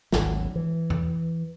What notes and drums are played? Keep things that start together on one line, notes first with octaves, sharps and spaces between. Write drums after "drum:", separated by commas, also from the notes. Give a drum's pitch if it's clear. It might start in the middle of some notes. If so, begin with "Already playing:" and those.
G#1 D2 F#3, drum: snare
E3
drum: tom E2